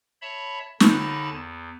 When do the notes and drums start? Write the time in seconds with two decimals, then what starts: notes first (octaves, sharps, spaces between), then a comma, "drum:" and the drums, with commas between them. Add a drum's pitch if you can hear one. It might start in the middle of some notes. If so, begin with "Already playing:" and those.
0.22 C#5 E5 A5 B5
0.80 D#2 D3 D#4 A5 B5 A6, drum: snare
1.32 E2